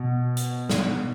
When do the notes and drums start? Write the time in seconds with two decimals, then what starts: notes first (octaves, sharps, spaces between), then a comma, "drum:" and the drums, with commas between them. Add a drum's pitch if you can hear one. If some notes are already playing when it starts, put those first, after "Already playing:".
Already playing: B2
0.37 drum: hi-hat
0.70 drum: snare